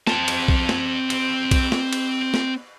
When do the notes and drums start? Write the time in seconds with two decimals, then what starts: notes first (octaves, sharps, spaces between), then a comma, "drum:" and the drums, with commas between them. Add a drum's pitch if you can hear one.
0.07 C4 A5, drum: snare
0.28 drum: cymbal
0.48 drum: kick B1
0.69 drum: snare
1.10 drum: cymbal
1.51 drum: kick B1, cymbal
1.72 drum: snare
1.93 drum: cymbal
2.34 drum: snare